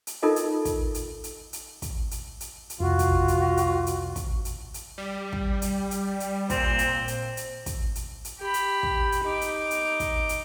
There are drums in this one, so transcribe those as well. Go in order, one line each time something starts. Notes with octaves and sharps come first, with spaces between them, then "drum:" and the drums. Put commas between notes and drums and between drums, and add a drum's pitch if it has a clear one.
drum: hi-hat
D#4 F4 A4 A#4 D#5
drum: hi-hat
drum: kick, hi-hat
drum: hi-hat
drum: hi-hat
drum: hi-hat
drum: kick, hi-hat
drum: hi-hat
drum: hi-hat
drum: hi-hat
C2 F2 F4 F#4
drum: kick, hi-hat
drum: hi-hat
drum: hi-hat
drum: hi-hat
drum: kick, hi-hat
drum: hi-hat
drum: hi-hat
G3
drum: kick
drum: hi-hat
drum: hi-hat
drum: hi-hat
A#2 C4, drum: kick, hi-hat
drum: hi-hat
drum: hi-hat
drum: hi-hat
drum: kick, hi-hat
drum: hi-hat
drum: hi-hat
G4 B5
drum: hi-hat
drum: kick
drum: hi-hat
D#4 D6
drum: hi-hat
drum: hi-hat
drum: kick, hi-hat
drum: hi-hat